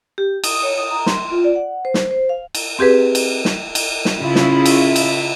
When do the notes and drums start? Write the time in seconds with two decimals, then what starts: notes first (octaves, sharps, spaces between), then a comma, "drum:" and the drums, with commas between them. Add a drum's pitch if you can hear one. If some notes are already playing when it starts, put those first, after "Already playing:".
0.18 G4
0.44 D#6, drum: cymbal
0.63 C#5
0.78 D#6
0.90 A#5
1.06 C6, drum: snare
1.31 F4
1.44 D5
1.56 F#5
1.85 C5
1.94 drum: snare
2.11 C5
2.29 F5
2.55 drum: cymbal
2.79 C4 G4 G#4 B4
3.15 drum: cymbal
3.45 drum: snare
3.75 drum: cymbal
4.05 drum: snare
4.17 C#3 E4 F4
4.35 drum: snare
4.66 drum: cymbal
4.96 drum: cymbal